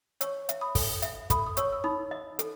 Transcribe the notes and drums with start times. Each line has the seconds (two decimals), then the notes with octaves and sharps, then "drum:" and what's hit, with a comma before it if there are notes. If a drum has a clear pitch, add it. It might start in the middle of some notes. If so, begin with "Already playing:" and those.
0.21 C#5 C#6 E6, drum: hi-hat
0.49 E5, drum: hi-hat
0.61 B5 D#6
0.75 A4, drum: kick, open hi-hat
1.02 E5, drum: hi-hat
1.30 A4 B5 D#6, drum: kick, hi-hat
1.47 D#6
1.57 C#5 C#6 E6, drum: hi-hat
1.72 E6
1.84 D#4 B5 D#6
2.11 D#5
2.39 A4, drum: hi-hat